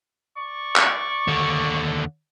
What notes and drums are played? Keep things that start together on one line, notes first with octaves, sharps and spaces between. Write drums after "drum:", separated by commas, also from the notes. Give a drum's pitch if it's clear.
D5 C#6
drum: clap
D#2 D3